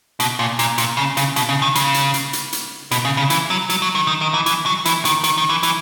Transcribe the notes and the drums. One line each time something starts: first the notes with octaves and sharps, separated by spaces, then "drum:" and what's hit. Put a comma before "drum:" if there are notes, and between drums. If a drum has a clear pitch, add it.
B2, drum: hi-hat
A#2
A#2, drum: hi-hat
A#2, drum: hi-hat
C#3
C#3, drum: hi-hat
B2, drum: hi-hat
C#3
D#3
C#3, drum: hi-hat
drum: hi-hat
drum: hi-hat
drum: hi-hat
drum: hi-hat
B2, drum: hi-hat
C#3
C#3
E3, drum: hi-hat
F#3
F#3, drum: hi-hat
F#3
D#3
D#3
D#3
E3
E3, drum: hi-hat
F#3
E3, drum: hi-hat
D#3, drum: hi-hat
D#3, drum: hi-hat
D#3
E3
E3, drum: hi-hat